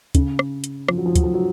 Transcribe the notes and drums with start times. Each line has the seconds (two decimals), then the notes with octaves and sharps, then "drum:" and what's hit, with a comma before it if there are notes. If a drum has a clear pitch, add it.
0.15 C#3, drum: kick, hi-hat
0.39 drum: rim click
0.64 drum: hi-hat
0.89 F3, drum: rim click
0.97 F#3
1.06 F3
1.15 F#3, drum: kick, hi-hat
1.24 F3
1.34 F#3